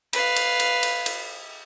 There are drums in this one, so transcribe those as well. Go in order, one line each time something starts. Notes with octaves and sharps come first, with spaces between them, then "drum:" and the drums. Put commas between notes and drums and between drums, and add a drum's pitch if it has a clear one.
B4 F5, drum: cymbal
drum: cymbal
drum: cymbal
drum: cymbal
drum: cymbal